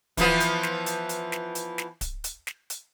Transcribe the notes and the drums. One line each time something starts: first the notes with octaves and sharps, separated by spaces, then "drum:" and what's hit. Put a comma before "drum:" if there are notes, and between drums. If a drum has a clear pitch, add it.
E3 F3 B3, drum: kick D1, hi-hat
drum: hi-hat
drum: snare
drum: hi-hat
drum: hi-hat
drum: snare
drum: hi-hat
drum: snare
drum: kick D1, hi-hat
drum: hi-hat
drum: snare
drum: hi-hat